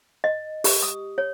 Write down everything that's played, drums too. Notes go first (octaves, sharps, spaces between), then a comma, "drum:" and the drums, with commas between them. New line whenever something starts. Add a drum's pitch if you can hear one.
D#5
G4, drum: open hi-hat
D#6
C#5